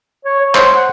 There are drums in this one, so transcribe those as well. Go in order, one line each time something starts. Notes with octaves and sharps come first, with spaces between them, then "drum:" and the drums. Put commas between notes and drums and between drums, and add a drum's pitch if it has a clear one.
C#5
C#5
C5, drum: clap
F#5